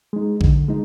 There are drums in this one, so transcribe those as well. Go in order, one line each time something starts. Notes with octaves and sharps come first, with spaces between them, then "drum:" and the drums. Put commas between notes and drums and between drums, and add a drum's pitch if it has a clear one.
G#3 D#4
D3, drum: kick A#1
G#3 D#4